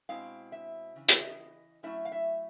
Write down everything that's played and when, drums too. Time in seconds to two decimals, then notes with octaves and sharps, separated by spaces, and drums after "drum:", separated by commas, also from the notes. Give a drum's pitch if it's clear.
0.09 B2 G#3 C4 E4 F5
0.52 E5
0.96 C#3 E3
1.09 E5, drum: hi-hat
1.21 D#5
1.83 F#3 A3 C#4 E4 E5
2.05 F5
2.12 E5